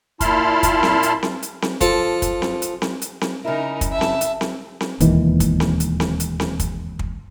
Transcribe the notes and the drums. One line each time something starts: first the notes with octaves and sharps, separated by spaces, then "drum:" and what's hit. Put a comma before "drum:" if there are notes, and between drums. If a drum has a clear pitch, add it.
A#2 E4 A5 B5 C6 F6, drum: kick, hi-hat
drum: kick, hi-hat
drum: snare C4
drum: hi-hat
drum: snare C4
drum: hi-hat
drum: snare C4
F3 A4, drum: kick, hi-hat
drum: kick, hi-hat
drum: snare C4
drum: hi-hat
drum: snare C4
drum: hi-hat
drum: snare C4
C#3 D#4 E4 A#4
drum: kick, hi-hat
E5 A5
drum: snare C4
drum: hi-hat
drum: snare C4
drum: snare C4
E1 D#2 D#3 E3, drum: kick, hi-hat
drum: kick, hi-hat
drum: snare C4
drum: hi-hat
drum: snare C4
drum: hi-hat
drum: snare C4
drum: kick, hi-hat
drum: kick